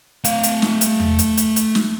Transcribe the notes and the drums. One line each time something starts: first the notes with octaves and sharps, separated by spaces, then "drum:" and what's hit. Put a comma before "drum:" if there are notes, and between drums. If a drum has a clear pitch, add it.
A3 F5, drum: hi-hat
drum: hi-hat
drum: snare
drum: hi-hat
drum: tom E2
drum: hi-hat
drum: hi-hat
drum: hi-hat
drum: snare